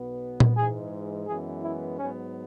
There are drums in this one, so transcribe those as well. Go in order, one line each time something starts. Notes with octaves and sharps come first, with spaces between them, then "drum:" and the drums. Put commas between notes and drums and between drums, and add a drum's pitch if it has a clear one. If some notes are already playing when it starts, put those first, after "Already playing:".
Already playing: B1 B2 B3
drum: tom A#2
G#2 E3 G#3 G#4
F#2 E3 G#3 B3 G#4
E4
G#2 F#3 B3 C#4